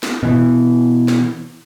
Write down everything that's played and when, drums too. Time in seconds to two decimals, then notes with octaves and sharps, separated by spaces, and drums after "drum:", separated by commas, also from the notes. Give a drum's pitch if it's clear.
0.03 drum: snare
0.23 B2 E3
1.08 drum: snare